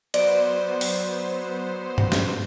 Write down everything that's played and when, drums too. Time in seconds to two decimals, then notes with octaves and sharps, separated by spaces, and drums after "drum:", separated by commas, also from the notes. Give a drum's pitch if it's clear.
0.14 F#3 B3 C5 D5, drum: cymbal
0.81 drum: open hi-hat
1.98 drum: tom G2
2.12 drum: snare